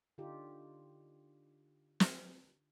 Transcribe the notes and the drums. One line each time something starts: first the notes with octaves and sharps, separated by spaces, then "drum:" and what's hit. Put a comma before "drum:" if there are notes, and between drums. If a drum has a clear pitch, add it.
D3 D#4 F4 G4
drum: snare